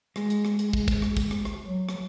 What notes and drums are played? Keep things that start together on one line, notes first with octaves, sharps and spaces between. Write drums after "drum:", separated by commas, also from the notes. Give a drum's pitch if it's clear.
G#3, drum: rim click
drum: hi-hat
drum: rim click
drum: hi-hat
drum: kick
drum: kick, hi-hat
drum: rim click
drum: kick, hi-hat
drum: rim click
drum: rim click
F#3
drum: rim click